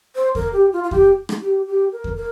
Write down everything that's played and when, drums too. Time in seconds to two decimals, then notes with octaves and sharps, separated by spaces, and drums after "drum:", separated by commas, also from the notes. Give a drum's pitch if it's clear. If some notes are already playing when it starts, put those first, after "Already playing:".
0.15 C5
0.35 A#4, drum: kick E2
0.53 G4
0.73 F4
0.84 F4
0.91 G4, drum: kick E2
1.29 drum: rim click
1.41 G4
1.67 G4
1.92 A#4
2.04 drum: kick E2
2.17 A#4